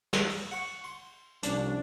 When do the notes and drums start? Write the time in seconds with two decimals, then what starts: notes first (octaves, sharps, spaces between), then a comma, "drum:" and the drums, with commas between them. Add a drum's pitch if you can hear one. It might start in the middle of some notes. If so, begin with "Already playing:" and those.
0.13 drum: snare
0.29 drum: open hi-hat
0.52 F#5 C#6
0.84 C6
1.43 C2 F3 C#4 D4 D5, drum: hi-hat